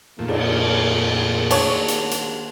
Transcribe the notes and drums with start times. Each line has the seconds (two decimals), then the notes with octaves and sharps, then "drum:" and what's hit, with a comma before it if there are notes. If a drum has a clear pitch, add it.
0.19 F2 A#2 D#3 A3 A#3 G#4
0.28 drum: cymbal
1.51 D4 C#5, drum: cymbal
1.88 drum: hi-hat
2.11 drum: hi-hat